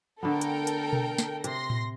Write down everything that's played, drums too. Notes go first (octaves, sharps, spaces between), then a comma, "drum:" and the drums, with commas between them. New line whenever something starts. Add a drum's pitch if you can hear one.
D3 A3 B3 A4 A#4 G5
drum: hi-hat
drum: hi-hat
drum: tom B2
drum: snare
C3 C6 A#6, drum: hi-hat
drum: tom A2